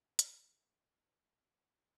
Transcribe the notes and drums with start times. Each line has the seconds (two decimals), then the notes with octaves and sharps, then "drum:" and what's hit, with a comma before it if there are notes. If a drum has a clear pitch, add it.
0.19 A2 C#3 E5 G5 C6 C#6, drum: hi-hat